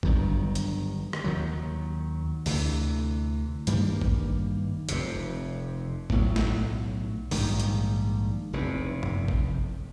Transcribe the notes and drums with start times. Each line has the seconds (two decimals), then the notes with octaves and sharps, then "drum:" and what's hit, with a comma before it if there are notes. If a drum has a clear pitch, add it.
0.03 G1 G2 D#3 F#3, drum: kick
0.55 drum: hi-hat
1.13 drum: rim click
1.24 D#2 D#3 F#3
2.46 D2 C3 E3, drum: open hi-hat
3.67 G2 D#3 G3 A#3, drum: hi-hat
4.02 drum: kick
4.89 F1 F2 C3, drum: hi-hat
6.10 B1 A2 F#3, drum: kick
6.36 drum: snare
7.31 A#1 G#2 D#3 G3, drum: open hi-hat
7.60 drum: hi-hat
8.53 F1 E2 C3
9.03 drum: tom F#2
9.28 drum: kick